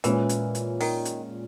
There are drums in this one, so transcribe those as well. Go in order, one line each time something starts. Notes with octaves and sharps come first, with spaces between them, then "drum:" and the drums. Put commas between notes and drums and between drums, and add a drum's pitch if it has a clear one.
A#2 E3 G#3 C#4, drum: hi-hat
drum: hi-hat
drum: hi-hat
D#3, drum: open hi-hat
drum: hi-hat